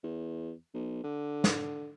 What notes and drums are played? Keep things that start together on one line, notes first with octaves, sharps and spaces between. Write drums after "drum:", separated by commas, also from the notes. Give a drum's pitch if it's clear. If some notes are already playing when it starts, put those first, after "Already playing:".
E2
B1
D3
drum: snare